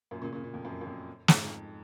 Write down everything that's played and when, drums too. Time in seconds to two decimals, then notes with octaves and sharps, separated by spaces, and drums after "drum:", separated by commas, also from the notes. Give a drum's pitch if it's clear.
0.11 F#2 A#2
0.22 A#2 C#3
0.32 A#2 C#3
0.44 A#2 C#3
0.54 F2
0.65 F#2
0.81 F#2
0.86 F2
1.28 F2 G#2, drum: snare